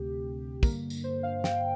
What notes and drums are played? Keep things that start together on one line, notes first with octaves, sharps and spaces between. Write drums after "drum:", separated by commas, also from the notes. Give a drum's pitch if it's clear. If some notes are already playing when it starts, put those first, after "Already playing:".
Already playing: D2 C3 G4
G2 D3 A#3 A#4, drum: kick, tambourine
drum: tambourine
C5
F5
G5, drum: snare